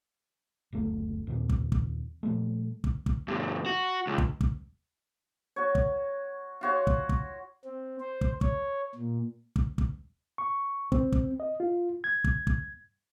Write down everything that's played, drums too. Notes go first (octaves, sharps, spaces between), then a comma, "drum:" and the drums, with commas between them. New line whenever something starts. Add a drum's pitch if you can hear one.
F#1 D2 A3
D#2 A#2 D#3 C4
drum: kick
drum: kick
A#2 F3 G3 A3
drum: kick
drum: kick
D2 G2
F#4
C#2
drum: kick
drum: kick
F#4 C#5
drum: kick
F4 F#4 C#5
drum: kick
drum: kick
C4
C5
drum: kick
C#5, drum: kick
A#2
drum: kick
drum: kick
C#6
C4, drum: kick
drum: kick
D#5
F4
G#6
drum: kick
drum: kick